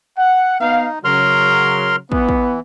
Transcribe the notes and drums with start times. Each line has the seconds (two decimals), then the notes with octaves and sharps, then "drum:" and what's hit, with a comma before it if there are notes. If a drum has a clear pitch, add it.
0.18 F#5
0.61 B3 D#4 F5
1.04 C#3 F#3 A#4 C6 F6
2.12 E3 B3, drum: kick
2.29 drum: kick